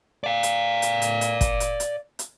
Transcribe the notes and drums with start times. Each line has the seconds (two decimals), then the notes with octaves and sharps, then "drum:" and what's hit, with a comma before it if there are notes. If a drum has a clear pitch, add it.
0.24 D5 F5
0.43 drum: hi-hat
0.82 drum: hi-hat
1.02 drum: hi-hat
1.21 drum: hi-hat
1.41 drum: kick, hi-hat
1.60 drum: hi-hat
1.80 drum: hi-hat
2.19 drum: hi-hat